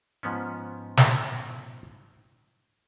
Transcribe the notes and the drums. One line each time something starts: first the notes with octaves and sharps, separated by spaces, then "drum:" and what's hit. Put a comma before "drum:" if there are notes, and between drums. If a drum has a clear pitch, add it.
G#2 F3 B3 C#4
drum: snare